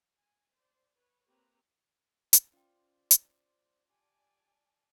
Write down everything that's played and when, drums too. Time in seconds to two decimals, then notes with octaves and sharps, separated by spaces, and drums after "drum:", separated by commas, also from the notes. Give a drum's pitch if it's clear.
0.16 G#5
0.53 C5 D5
0.97 B4 C#5
1.27 A#3 C4 G4 B4 C#5 A#5
2.33 drum: hi-hat
2.53 C#4 F4 C5 D5 G5
3.11 drum: hi-hat
3.89 G4 D5 G#5 A5